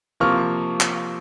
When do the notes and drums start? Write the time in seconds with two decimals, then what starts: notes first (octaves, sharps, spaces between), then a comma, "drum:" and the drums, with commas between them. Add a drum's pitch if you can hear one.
0.20 C3 F3 A#3 C#6 F6
0.80 drum: clap